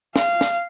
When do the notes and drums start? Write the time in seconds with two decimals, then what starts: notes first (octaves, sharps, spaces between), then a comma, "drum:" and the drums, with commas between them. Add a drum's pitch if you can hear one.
0.16 F5, drum: snare
0.41 drum: snare